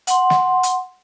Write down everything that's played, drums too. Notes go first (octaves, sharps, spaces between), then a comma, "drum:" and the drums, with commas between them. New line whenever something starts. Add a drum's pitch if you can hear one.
F#5 C6, drum: hi-hat
drum: snare
drum: hi-hat